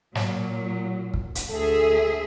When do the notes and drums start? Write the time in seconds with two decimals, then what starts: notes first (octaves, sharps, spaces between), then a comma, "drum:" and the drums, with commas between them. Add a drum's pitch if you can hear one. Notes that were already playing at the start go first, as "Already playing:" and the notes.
0.15 A#2 F#3, drum: snare
1.14 drum: kick
1.35 drum: hi-hat
1.50 D2 G#4 A4 E5